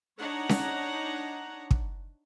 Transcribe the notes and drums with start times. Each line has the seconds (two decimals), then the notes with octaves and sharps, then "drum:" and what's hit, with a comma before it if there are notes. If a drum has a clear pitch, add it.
0.19 D4 D#4 C#5 F#5 A#5
0.49 drum: snare C#4
1.71 drum: kick